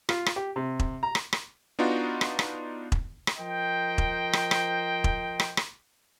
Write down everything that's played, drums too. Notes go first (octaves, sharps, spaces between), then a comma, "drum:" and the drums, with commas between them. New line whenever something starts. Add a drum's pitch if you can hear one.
F4, drum: rim click
drum: rim click
G4
C3
drum: kick E1
A#5
drum: rim click
drum: rim click
B3 D4 D#4 F4 F#4
drum: rim click
drum: rim click
drum: kick E1
drum: rim click
F3 A#4 C5 D#5 G5
drum: kick E1
drum: rim click
drum: rim click
drum: kick E1
drum: rim click
drum: rim click